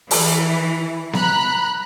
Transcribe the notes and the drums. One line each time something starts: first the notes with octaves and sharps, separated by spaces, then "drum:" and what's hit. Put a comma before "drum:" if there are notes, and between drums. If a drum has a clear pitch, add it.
E3, drum: open hi-hat
A#5 B5 F#6, drum: snare B3